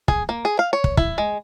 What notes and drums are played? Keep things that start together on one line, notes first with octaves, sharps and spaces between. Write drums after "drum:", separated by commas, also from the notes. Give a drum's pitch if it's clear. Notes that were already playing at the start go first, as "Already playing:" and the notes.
G#4, drum: kick
A#3
G#4
F5
C#5
drum: kick
E4, drum: kick
G#3